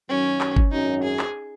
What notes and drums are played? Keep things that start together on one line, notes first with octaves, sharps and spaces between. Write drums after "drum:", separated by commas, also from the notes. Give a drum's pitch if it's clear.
F#2 D#3 F#3 C#4
drum: clap
drum: kick G1
G#1 F#2 F#3 C#4 D#4
G#4
drum: clap